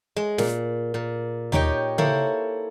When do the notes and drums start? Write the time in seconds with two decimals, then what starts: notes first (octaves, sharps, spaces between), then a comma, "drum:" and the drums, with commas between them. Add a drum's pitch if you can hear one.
0.16 G#3
0.38 A#2, drum: snare
0.94 A#2
1.52 D#4 G4 C#5 D#5 G5, drum: tom D#2
1.98 A#3 E4 A4 C5 C#5, drum: tom C#3